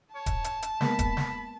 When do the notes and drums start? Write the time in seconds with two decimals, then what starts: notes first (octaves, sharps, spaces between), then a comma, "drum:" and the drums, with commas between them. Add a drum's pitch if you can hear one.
0.15 C#5 A5
0.26 drum: kick, hi-hat
0.44 drum: hi-hat
0.62 drum: hi-hat
0.81 G#3 A#3 B3 B5, drum: snare
0.99 drum: kick, hi-hat
1.17 drum: snare